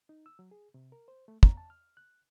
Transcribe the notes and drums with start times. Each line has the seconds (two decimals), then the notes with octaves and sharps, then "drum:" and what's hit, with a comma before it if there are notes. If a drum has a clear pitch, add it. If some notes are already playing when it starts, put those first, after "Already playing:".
0.09 D#4
0.26 E6
0.39 F#3
0.51 G#4
0.74 C3
0.92 A#4
1.08 C5
1.28 A3
1.43 A#5, drum: kick
1.57 A5
1.70 F6
1.97 F#6